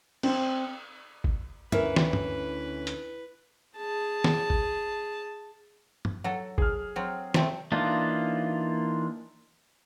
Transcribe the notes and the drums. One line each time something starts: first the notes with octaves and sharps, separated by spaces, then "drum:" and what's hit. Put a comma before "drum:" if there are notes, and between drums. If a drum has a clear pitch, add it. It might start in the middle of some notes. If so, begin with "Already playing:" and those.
C4, drum: cymbal
drum: kick G1
D2 E3 C#4 A#4 B4 E5, drum: tom G2
drum: snare
drum: tom G2
drum: hi-hat
G#4 A5
drum: snare
drum: kick G1
drum: tom G2
F#3 A4 F#5
G#4 F6, drum: kick G1
F#3 C4
C3 A3 C4, drum: snare
E3 A#3 D4 D#4 F4